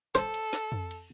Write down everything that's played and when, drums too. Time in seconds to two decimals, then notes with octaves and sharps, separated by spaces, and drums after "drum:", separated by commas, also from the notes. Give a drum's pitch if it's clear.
0.15 A4 C5, drum: snare
0.34 drum: cymbal
0.53 drum: snare
0.72 drum: tom F2
0.91 drum: cymbal